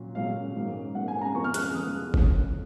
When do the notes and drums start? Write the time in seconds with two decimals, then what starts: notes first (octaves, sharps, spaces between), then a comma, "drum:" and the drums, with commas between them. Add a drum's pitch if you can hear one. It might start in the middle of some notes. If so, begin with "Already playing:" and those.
Already playing: A#2 F#3 C#4
0.15 A#2 F#3 C#4 F5
0.55 G#2 F#3 A#3 C#4
0.95 G#2 F#3 A#3 C#4 F#5
1.08 G#5
1.21 A#5
1.34 F2 F3 G#3 B3 C#6
1.44 F6
1.54 F#6, drum: hi-hat
1.64 F6
1.74 F2 F3 G#3 B3 D#6
2.14 F2 F3 A#3 C#4, drum: kick F#1